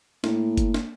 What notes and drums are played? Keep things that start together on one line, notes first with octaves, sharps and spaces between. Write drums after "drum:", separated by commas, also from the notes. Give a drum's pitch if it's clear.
A2 A#3, drum: snare
drum: kick F#1, hi-hat
drum: snare